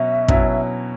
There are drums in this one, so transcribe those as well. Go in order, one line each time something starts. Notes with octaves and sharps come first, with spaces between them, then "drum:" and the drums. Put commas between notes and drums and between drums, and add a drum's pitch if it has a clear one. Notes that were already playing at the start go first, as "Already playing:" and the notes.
Already playing: B2 F#3 C#4 E5
B2 F#3 C#4 E4, drum: kick